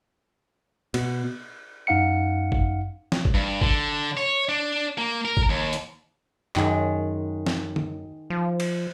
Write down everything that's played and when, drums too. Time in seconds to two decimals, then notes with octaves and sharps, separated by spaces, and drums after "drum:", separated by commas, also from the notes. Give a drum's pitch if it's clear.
0.94 B2, drum: cymbal
1.87 F#2 D#4 F5 F#5 C#7
2.52 drum: kick G1
3.12 drum: snare
3.25 drum: kick G1
3.34 G2
3.61 D3, drum: kick G1
4.17 C#5
4.49 D4
4.98 A#3
5.25 A#4
5.37 drum: kick G1
5.50 D#2
5.73 drum: hi-hat
6.56 F#2 D#3 G#3, drum: clap
7.46 drum: snare
7.76 drum: tom D3
8.30 F3
8.60 drum: cymbal